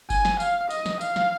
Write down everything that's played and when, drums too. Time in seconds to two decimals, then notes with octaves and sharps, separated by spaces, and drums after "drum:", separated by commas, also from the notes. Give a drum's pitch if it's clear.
0.10 G#5, drum: kick F#1, tambourine
0.25 drum: snare
0.40 F5, drum: tambourine
0.70 D#5, drum: tambourine
0.86 drum: snare
1.01 F5, drum: tambourine
1.16 drum: snare